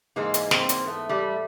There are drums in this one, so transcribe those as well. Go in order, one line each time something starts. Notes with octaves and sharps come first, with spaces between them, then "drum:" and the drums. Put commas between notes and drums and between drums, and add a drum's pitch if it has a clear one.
G#2 E3 G#3 A#3
drum: hi-hat
A#3 C4, drum: snare
drum: hi-hat
A3 B3
G3 A3